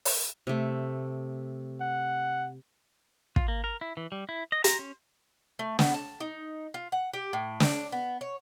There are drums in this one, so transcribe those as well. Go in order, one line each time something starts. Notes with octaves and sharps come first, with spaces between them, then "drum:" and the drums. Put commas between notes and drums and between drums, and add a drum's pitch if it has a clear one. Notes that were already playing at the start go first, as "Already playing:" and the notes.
drum: open hi-hat
C3 A3
F#5
F4, drum: kick
A#3
A#4
E4
E3
G3
E4
D#5
A#5, drum: hi-hat
C#4
A3
B3, drum: snare
A5
D#4
F4
F#5
G4
A2
D4, drum: snare
B3
C#5